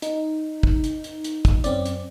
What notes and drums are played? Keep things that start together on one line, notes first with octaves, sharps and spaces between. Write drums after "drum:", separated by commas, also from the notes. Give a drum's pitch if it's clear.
D#4, drum: hi-hat
drum: kick
drum: hi-hat
drum: hi-hat
drum: hi-hat
drum: kick, hi-hat
F#2 C4 C#4 D5, drum: hi-hat
drum: hi-hat